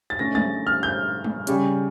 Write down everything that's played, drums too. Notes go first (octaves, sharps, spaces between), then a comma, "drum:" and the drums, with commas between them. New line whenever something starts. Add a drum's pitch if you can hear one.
A6
D3 A3 C#4 A#6
A6, drum: tom
F6
G6
drum: tom
C#3 G3 C#4, drum: hi-hat